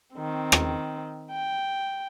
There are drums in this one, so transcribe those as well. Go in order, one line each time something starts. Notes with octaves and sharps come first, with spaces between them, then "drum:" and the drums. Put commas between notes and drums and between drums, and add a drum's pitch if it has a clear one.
D#3 C4
drum: rim click
G5